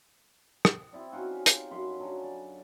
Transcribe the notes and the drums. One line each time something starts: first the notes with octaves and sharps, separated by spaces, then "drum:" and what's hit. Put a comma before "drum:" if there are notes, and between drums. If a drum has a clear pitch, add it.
drum: rim click
C4 E4 D5
C#4 D#4 F4 F#4
G4
drum: hi-hat
F#2 B5 C6
D3 F#3 C#4
D5